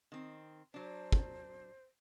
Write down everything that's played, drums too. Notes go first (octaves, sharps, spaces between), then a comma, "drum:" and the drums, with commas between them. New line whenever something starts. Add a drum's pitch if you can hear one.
D#3 C4
F#3 D4 C5
drum: kick